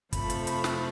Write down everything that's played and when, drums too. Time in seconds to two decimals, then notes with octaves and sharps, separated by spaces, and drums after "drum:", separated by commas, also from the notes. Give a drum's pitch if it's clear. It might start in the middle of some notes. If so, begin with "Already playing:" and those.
0.13 F2 C3 F3 A3 B5, drum: kick, hi-hat
0.30 drum: hi-hat
0.47 B5, drum: hi-hat
0.64 drum: snare